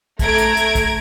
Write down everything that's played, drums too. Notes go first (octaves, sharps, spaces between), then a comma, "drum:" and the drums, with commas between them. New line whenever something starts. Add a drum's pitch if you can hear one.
A3 A#5 G#6 D7, drum: kick, hi-hat
drum: hi-hat
drum: hi-hat
drum: kick, hi-hat